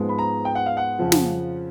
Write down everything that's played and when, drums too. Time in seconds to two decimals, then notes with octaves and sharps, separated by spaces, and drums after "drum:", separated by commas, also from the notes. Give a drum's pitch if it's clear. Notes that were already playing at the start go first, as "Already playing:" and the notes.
Already playing: G#2 F3 G#3 B3
0.09 B5
0.19 A#5
0.45 G5
0.55 F#5
0.66 F5
0.77 F#5
0.99 F2 C#3 F3
1.12 drum: snare